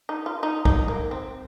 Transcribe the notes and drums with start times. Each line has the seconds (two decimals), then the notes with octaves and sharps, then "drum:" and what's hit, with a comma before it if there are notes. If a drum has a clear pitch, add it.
0.09 D#4
0.26 F4
0.43 D#4
0.65 D#4, drum: kick
0.88 A#3
1.11 C4